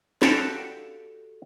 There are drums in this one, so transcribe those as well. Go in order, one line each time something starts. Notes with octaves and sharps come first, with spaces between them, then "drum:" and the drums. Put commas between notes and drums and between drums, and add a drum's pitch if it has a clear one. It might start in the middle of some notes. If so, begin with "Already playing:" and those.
F#4 G4 A4 D5 F5 A5, drum: snare